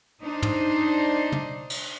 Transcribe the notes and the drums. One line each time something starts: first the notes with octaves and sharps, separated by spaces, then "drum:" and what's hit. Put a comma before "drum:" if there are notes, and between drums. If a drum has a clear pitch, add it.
D4 D#4 C5
drum: tom
drum: tom
drum: cymbal